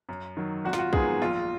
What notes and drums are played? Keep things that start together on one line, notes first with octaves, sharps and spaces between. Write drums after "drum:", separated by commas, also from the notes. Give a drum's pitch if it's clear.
F#2
D#3 F#3
G#1 F#4
F4, drum: snare
F#4
F#2 D#3 G#3 B3 G#4, drum: kick
A#1 F4